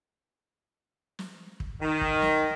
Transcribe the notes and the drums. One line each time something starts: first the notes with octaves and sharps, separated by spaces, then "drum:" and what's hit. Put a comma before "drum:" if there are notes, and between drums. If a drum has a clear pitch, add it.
drum: snare
drum: kick
D#3
drum: kick
drum: snare